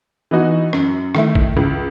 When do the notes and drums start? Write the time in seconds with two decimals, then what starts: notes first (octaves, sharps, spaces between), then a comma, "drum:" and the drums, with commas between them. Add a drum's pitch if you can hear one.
0.31 E3 B3 D#4 F#4
0.73 F#2, drum: rim click
1.15 D#3 A3 E4, drum: rim click
1.35 drum: kick G#1
1.57 C#2